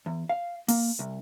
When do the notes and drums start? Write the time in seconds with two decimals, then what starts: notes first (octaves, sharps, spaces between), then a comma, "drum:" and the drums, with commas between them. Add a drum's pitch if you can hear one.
0.06 E2
0.29 F5
0.68 A#3, drum: open hi-hat
0.99 C2